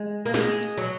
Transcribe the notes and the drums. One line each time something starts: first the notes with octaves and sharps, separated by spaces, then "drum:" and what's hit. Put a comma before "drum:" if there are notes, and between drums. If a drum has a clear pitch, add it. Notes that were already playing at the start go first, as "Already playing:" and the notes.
Already playing: G#3
A#3
G#3, drum: snare
drum: hi-hat
F#3, drum: open hi-hat